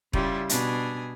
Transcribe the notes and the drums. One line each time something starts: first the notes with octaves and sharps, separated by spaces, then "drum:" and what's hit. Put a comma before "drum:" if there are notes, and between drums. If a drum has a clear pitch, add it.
C#3 G3 E4 F4, drum: kick E1
B2 D4 G#5 D#6, drum: hi-hat